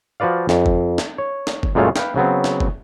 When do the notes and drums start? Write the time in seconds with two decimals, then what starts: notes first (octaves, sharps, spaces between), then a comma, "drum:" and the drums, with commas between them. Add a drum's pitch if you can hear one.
0.20 F3 F#4 B4 D5 F5
0.49 F2, drum: snare
0.66 drum: kick
0.98 drum: snare
1.18 C#5
1.47 drum: snare
1.63 drum: kick
1.75 F#2 A#2 G#3 A3 F4 C#5
1.96 B4 F5 G5, drum: snare
2.16 C#3 F#3 B3 C4
2.44 drum: snare
2.60 drum: kick